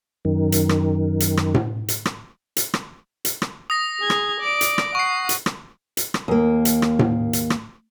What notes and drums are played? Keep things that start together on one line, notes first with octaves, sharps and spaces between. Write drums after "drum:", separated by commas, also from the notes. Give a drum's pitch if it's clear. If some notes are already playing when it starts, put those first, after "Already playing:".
F#2 D#3
drum: hi-hat
drum: rim click
drum: hi-hat
drum: rim click
drum: tom A2
drum: hi-hat
drum: rim click
drum: hi-hat
drum: rim click
drum: hi-hat
drum: rim click
D#6 A#6
G#4 G#6
drum: rim click
D5 D7
drum: hi-hat
drum: rim click
F#5 C#6 C7
drum: hi-hat
drum: rim click
drum: hi-hat
drum: rim click
D#2 A#3
drum: hi-hat
drum: rim click
drum: tom A2
drum: hi-hat
drum: rim click